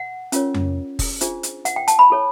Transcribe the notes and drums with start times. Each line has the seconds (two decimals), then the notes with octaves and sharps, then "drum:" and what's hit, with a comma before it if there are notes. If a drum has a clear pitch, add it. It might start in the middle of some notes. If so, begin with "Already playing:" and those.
Already playing: F#5
0.32 C#4 F4 A#4 C#5, drum: hi-hat
0.54 drum: tom F2
0.99 drum: kick F1, open hi-hat
1.21 D4 F4 G#4 C5, drum: hi-hat
1.43 drum: hi-hat
1.65 F#5, drum: hi-hat
1.76 G5
1.88 A5, drum: hi-hat
1.99 B5
2.10 E4 A4 C#5